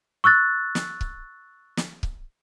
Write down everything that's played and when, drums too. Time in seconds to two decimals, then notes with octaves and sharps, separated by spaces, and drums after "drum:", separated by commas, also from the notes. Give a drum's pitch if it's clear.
0.24 C#6 E6 F#6 A6
0.75 drum: snare
1.01 drum: kick C#1
1.77 drum: snare
2.03 drum: kick C#1